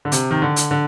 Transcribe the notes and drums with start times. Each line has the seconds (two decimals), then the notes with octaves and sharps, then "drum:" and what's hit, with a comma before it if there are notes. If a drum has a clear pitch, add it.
0.05 D3
0.12 C3, drum: hi-hat
0.31 D#3
0.42 D3
0.56 drum: hi-hat
0.71 D3